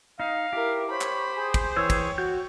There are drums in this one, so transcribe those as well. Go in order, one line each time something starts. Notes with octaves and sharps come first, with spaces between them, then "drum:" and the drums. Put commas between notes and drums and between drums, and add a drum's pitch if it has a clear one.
D#4 F5
E4 G4 A#4
C5 C#5 B5
drum: clap
G#4
drum: kick, cymbal
E3 G#4 C#5 G5 E6
drum: kick, cymbal
F#4 G6